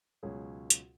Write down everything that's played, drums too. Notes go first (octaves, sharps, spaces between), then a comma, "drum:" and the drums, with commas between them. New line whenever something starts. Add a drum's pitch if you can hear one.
C#2 B2 F#3 C#4 G#4
drum: hi-hat